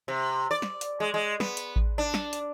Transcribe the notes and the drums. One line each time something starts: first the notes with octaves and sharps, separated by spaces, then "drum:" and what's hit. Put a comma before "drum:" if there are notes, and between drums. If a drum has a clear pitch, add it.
C3
D5
drum: snare
drum: hi-hat
G#3
G#3
B3, drum: snare
drum: hi-hat
drum: kick A1
D4
drum: snare
drum: hi-hat